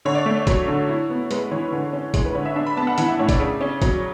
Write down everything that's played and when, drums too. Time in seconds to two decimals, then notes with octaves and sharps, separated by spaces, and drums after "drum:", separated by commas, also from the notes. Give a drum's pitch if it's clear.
0.05 D3 C#5
0.15 D5
0.25 A3 E5
0.37 D5
0.47 F#3 C#5, drum: kick, hi-hat
0.68 D3
0.89 E4
1.10 B3
1.31 G#3 B4, drum: hi-hat
1.51 E3 C#5
1.72 D3
1.93 C#4
2.14 G#3 C#5, drum: kick, hi-hat
2.25 B4
2.35 D3 C#5
2.45 E5
2.56 D4 E5
2.66 B5
2.77 B3 A5
2.87 F#5
2.98 E3 F#5, drum: hi-hat
3.08 E5
3.19 A2 C#5
3.29 D5, drum: kick, hi-hat
3.39 C#3
3.61 C#4
3.82 F#3, drum: kick, hi-hat